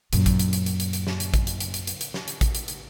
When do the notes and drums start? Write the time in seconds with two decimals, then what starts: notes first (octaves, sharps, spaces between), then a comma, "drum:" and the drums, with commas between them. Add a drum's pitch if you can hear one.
0.13 F#2 A#2, drum: hi-hat
0.26 drum: kick A1, hi-hat
0.39 drum: hi-hat
0.53 drum: hi-hat
0.66 drum: hi-hat
0.80 drum: hi-hat
0.93 drum: hi-hat
1.07 drum: snare
1.20 drum: hi-hat
1.34 drum: kick A1, hi-hat
1.47 drum: hi-hat
1.60 drum: hi-hat
1.74 drum: hi-hat
1.87 drum: hi-hat
2.01 drum: hi-hat
2.14 drum: snare
2.28 drum: hi-hat
2.41 drum: kick A1, hi-hat
2.55 drum: hi-hat
2.68 drum: hi-hat